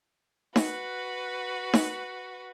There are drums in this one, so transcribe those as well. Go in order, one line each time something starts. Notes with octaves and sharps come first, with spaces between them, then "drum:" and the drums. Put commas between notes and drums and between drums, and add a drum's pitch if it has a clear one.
F#4 B4, drum: snare D#4
drum: snare D#4